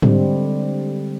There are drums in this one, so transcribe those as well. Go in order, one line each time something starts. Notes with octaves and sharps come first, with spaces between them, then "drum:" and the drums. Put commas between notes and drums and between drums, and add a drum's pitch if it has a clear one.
D3 G3 G#3 C4, drum: tom G#2